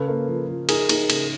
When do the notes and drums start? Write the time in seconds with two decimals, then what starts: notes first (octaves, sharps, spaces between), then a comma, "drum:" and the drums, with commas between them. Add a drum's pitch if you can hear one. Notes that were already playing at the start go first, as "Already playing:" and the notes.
Already playing: C#3 A4 B4
0.08 A#3
0.28 F3
0.49 F3
0.69 D#4 G#4 A#4, drum: cymbal
0.89 D#4, drum: cymbal
1.10 C#3, drum: cymbal